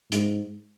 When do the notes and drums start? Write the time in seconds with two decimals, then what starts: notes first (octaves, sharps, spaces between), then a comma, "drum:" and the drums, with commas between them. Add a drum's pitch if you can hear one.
0.12 G#2, drum: hi-hat